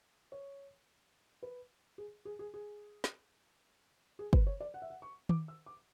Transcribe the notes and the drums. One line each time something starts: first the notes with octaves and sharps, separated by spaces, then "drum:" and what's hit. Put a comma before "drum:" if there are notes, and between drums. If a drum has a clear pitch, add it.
C#5
B4
G#4
G#4
G#4
G#4
drum: snare
G#4
B4, drum: kick
C#5
D5
F#5
E5
F#5
C#6
D6, drum: tom D#3
E6
D6